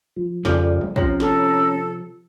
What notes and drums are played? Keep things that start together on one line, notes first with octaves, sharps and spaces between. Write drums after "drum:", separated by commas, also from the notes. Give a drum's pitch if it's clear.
F3
F2 C#3 F3 G3 A4 D5, drum: snare
drum: tom
C3 F3 C#4 A#5, drum: kick
A4, drum: snare